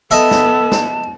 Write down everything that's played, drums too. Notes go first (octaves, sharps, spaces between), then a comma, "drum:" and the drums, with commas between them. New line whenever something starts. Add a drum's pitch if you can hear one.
B3 A4 D#5 E5 A5
drum: snare
drum: snare